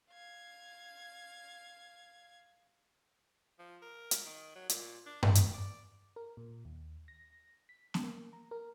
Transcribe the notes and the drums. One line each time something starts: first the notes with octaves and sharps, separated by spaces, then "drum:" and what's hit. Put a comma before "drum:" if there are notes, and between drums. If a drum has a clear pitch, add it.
F5 G#6
F3
A#4
drum: hi-hat
D#3
F#3
A#2, drum: hi-hat
D4
D#3, drum: tom G2
drum: hi-hat
D5
A#4
A#2
D#2
A#6
B6
drum: snare B3
A#3
A#5
A#4